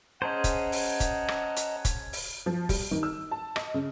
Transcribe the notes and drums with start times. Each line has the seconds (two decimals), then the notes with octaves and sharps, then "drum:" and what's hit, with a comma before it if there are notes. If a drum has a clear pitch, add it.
0.22 C#4 G#4 C5 D#5 F#5 A5 A#5
0.44 drum: kick, hi-hat
0.72 drum: open hi-hat
1.00 drum: kick, hi-hat
1.28 drum: rim click
1.57 drum: hi-hat
1.85 drum: kick, hi-hat
2.13 drum: open hi-hat
2.46 F3
2.69 G3, drum: kick, open hi-hat
2.91 D#3
3.03 E6
3.31 A5
3.56 D#5, drum: rim click
3.74 C#3